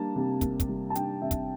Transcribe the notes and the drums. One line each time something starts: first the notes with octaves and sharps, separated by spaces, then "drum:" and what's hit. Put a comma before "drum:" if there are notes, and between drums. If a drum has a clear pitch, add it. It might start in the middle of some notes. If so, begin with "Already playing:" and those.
Already playing: G3 A#3 D4 A5
C3
A#3, drum: kick, hi-hat
drum: kick, hi-hat
G3
A5
D4 G5, drum: hi-hat
C3 E5
drum: kick, hi-hat